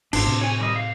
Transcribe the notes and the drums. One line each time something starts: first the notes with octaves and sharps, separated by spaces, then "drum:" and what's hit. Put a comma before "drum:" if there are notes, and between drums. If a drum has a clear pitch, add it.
G#1 D4 F4, drum: cymbal
A2 C3
C#5 G#5
D#3 G3 D#5
F5